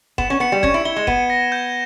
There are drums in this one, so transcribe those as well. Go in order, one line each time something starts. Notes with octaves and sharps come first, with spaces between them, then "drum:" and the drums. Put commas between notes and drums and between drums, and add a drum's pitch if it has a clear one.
B3 E7, drum: kick F#1
C#4
B3 C#7
G3
C#4 G#6, drum: kick F#1
E4
E4 G7
G#3
B3 D#7, drum: kick F#1
A#6
G6